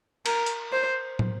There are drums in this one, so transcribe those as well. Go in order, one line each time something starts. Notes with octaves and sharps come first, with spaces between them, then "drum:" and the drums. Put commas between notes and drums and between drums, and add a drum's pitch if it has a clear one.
A#4, drum: cymbal
drum: hi-hat
C5
drum: tom